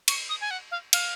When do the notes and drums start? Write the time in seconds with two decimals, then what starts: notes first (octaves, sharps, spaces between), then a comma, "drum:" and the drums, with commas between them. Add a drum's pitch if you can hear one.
0.08 C#6, drum: cymbal
0.29 D#6
0.41 G#5
0.51 F#5
0.71 F5
0.93 F5, drum: cymbal